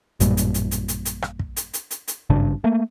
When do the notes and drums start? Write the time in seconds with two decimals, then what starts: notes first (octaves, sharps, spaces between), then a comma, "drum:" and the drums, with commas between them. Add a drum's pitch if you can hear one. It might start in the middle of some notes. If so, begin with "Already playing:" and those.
0.20 A1 F#2 A#2 G3, drum: hi-hat
0.37 drum: hi-hat
0.54 drum: hi-hat
0.71 drum: hi-hat
0.88 drum: hi-hat
1.05 drum: hi-hat
1.22 drum: rim click
1.39 drum: kick
1.56 drum: hi-hat
1.74 drum: hi-hat
1.91 drum: hi-hat
2.08 drum: hi-hat
2.30 G#1 G2 C#3 D4
2.64 A3 A#3